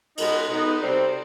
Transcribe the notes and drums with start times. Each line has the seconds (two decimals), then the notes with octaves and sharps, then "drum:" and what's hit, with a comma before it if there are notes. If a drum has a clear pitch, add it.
0.17 B2 G#3 B3 D#4, drum: cymbal
0.50 B2 G#3 B3 D#4
0.81 C3 G3 C4